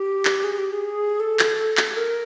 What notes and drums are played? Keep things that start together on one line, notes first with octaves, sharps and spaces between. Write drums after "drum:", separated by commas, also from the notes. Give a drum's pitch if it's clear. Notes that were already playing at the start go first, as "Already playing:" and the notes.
Already playing: G4
drum: clap
G#4
G4
G#4
A4
drum: clap
drum: clap
A#4